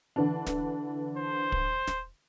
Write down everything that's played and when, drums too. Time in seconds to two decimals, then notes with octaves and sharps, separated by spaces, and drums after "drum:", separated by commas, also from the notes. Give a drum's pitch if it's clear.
0.16 D3 E3 D4
0.47 drum: snare
1.17 C5
1.52 drum: kick
1.87 drum: snare